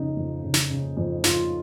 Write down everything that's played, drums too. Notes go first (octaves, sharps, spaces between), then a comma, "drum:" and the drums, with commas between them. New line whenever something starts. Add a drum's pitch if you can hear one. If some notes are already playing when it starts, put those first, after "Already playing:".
Already playing: F2 C#3 D#4
F2
C#3
drum: snare
C#3
F2
F2 F4, drum: snare